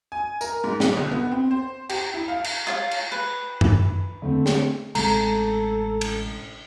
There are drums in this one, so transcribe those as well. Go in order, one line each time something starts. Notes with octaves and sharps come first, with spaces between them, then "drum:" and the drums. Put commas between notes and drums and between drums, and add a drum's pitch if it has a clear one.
G#5
A#4, drum: tambourine
G#2
B1, drum: snare
G1
B3
C4
C5
G4, drum: cymbal
E4
F5
drum: cymbal
F4 C#5 F5
drum: cymbal
B4
drum: tom F#2
D3 A3 C4
drum: snare
A1 C3 G#3 A4 A#5, drum: cymbal
drum: cymbal